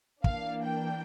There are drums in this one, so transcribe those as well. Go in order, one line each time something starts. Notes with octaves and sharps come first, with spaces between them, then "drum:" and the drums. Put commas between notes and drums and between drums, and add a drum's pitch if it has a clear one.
E3 A#3 D4 F5, drum: kick
G5